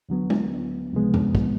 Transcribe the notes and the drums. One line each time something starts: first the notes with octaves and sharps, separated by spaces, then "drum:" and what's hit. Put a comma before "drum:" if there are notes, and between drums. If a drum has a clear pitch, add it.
D2 D3 F#3 B3
drum: tom G#3
C#2 C3 F3 G#3 B3
drum: tom F2
drum: kick